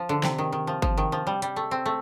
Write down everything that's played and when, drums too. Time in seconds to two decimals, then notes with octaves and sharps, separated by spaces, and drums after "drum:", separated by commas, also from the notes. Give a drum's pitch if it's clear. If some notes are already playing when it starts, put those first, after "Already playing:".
Already playing: F3
0.09 D3
0.23 C3, drum: snare
0.38 D#3
0.52 D#3
0.67 F3
0.82 F3, drum: kick G1
0.97 D#3
1.12 F3
1.27 G3
1.42 G3, drum: hi-hat
1.56 A3
1.71 C4
1.86 A3